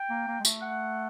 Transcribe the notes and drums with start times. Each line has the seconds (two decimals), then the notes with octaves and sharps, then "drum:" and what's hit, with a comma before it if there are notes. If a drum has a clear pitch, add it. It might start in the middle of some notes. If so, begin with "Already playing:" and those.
Already playing: G5
0.10 A#3
0.27 A#3
0.40 G#3
0.45 A3, drum: tambourine
0.62 F#5